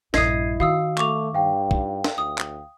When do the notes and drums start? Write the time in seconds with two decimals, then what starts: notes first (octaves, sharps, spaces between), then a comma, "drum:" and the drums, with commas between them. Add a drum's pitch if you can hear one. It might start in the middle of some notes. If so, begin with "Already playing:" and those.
0.14 A#1 G2 E4 D#5 D#6 G#6 C7 D#7, drum: snare
0.60 D#3 F#4 F5 D#6 E6
0.98 A3 C#6 D6 F7, drum: clap
1.34 G2 F5 G5
1.71 D#4 F4, drum: kick A#1
2.04 drum: snare
2.18 D2 D#6
2.38 drum: clap